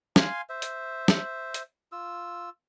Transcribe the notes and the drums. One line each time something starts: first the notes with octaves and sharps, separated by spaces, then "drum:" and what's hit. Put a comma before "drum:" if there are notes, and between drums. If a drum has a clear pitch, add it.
F5 G#5 C6, drum: snare
C5 E5
drum: hi-hat
drum: snare
drum: hi-hat
F4 E6